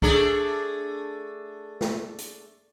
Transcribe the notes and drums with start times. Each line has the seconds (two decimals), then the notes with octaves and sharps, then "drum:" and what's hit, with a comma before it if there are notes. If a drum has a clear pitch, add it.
0.02 A3 D4 G#4, drum: kick C2
1.81 drum: snare
2.18 drum: hi-hat